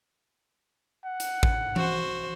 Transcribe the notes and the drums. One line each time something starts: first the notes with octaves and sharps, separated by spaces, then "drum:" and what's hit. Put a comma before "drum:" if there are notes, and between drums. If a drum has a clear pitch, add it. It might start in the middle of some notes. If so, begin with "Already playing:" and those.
F#5
drum: hi-hat
drum: kick A1
F#4 C5, drum: tom E3